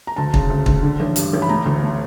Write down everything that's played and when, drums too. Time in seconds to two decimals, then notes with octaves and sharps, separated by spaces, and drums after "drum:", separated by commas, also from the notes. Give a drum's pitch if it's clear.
0.07 A#5
0.16 D2 A5
0.34 C#3, drum: kick
0.50 D2
0.66 D2, drum: kick
0.83 D3
1.00 A1
1.16 G2, drum: hi-hat
1.33 A1
1.42 B5
1.49 A3 A#5
1.65 D2
1.83 A3